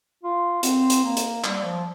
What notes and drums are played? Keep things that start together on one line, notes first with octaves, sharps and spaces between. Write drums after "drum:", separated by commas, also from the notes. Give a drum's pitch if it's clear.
F4
C4, drum: hi-hat
drum: hi-hat
A#3
drum: hi-hat
G3, drum: clap
F3